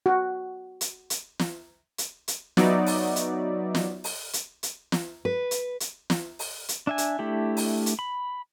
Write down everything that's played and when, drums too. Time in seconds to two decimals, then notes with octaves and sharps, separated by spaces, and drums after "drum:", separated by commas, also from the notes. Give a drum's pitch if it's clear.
0.06 F#4
0.81 drum: hi-hat
1.10 drum: hi-hat
1.39 drum: snare
1.98 drum: hi-hat
2.28 drum: hi-hat
2.57 F#3 B3 D#4 F#4 D5 E5, drum: snare
2.86 drum: open hi-hat
3.16 drum: hi-hat
3.75 drum: snare
4.04 drum: open hi-hat
4.33 drum: hi-hat
4.63 drum: hi-hat
4.92 drum: snare
5.25 B4
5.51 drum: hi-hat
5.80 drum: hi-hat
6.10 drum: snare
6.39 drum: open hi-hat
6.68 drum: hi-hat
6.87 D4 E5 G#5
6.98 drum: hi-hat
7.19 A3 D4 E4 G4
7.57 drum: open hi-hat
7.86 drum: hi-hat
7.99 B5